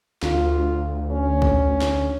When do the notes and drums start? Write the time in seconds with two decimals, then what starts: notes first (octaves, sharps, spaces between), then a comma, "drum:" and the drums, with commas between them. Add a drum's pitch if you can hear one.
0.23 D2 F4, drum: snare
1.12 C#4
1.42 drum: kick
1.82 drum: snare